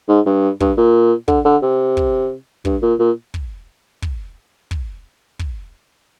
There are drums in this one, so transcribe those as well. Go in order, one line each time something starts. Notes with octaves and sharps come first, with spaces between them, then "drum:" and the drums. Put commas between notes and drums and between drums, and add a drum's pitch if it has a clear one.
G#2
G2
G2, drum: kick
A#2
D3, drum: kick
D3
C3
drum: kick
G2, drum: kick
A#2
A#2
drum: kick
drum: kick
drum: kick
drum: kick